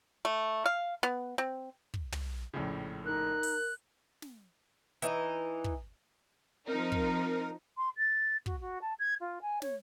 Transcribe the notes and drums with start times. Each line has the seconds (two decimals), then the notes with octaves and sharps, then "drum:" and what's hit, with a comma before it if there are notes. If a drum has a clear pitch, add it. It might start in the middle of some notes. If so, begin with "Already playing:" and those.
0.25 A3
0.66 F5
1.03 B3
1.38 C4
1.94 drum: kick
2.12 drum: tom
2.53 A#1 A2 C#3
3.06 D#4 A#4 F#6
3.43 drum: open hi-hat
4.22 drum: snare
5.02 E3 D#4, drum: hi-hat
5.64 drum: kick
6.68 F3 C4 D#4 A#4
6.92 drum: kick
7.77 C6
7.97 A6
8.46 F#4, drum: kick
8.60 F#4
8.81 A5
8.99 G#6
9.20 F4
9.42 G#5
9.62 C#5, drum: snare